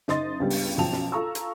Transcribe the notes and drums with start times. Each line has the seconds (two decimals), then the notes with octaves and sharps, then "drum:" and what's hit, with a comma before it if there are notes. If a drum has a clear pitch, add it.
0.08 F#1 D#4 D#5 C6 A6, drum: snare
0.40 C#2 G2 G3 B3
0.50 drum: open hi-hat
0.78 B1 F#2 F3 G5 A5 F7
0.93 drum: snare
1.12 F4 A4 A#5 C#6 E6
1.35 drum: hi-hat